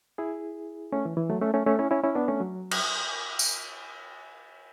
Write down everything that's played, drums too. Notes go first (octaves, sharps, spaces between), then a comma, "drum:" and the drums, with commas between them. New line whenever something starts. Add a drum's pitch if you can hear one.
E4 G#4
A3 C#4
E3
E3
F#3 A3
A3 C#4
A3 C#4
A3 C#4
C#4 E4
C#4 E4
C#4 E4
B3 D4
A3 C#4
F#3
drum: cymbal
drum: tambourine